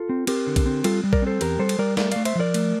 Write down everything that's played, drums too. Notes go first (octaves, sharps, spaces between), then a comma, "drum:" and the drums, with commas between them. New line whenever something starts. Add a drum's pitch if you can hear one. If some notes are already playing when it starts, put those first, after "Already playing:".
Already playing: F4 A4
C4
C4 G4 A#4, drum: cymbal
D3
drum: kick B1, cymbal
C4
G3 F4 A4, drum: cymbal
G3
A#4 D5, drum: kick B1
C4 A4 C5
E2 G4 A#4, drum: cymbal
G3 A4 C5
drum: cymbal
G3 A#4 D5
A3 A#4 D5, drum: snare
A3 D5 F5, drum: cymbal
C5 E5, drum: cymbal
F3 A#4 D5
A3, drum: cymbal